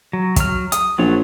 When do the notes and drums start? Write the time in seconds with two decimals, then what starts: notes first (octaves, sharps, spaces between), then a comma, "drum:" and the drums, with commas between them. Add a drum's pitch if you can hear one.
0.13 F#3
0.36 F#3 F6, drum: kick, hi-hat
0.72 D#6, drum: hi-hat
0.98 A#1 F#3 F4 C#5